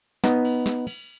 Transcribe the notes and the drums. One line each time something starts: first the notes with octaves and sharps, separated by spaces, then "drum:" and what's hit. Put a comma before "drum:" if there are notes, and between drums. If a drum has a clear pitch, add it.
B3 D#4, drum: snare
drum: cymbal
drum: snare
drum: cymbal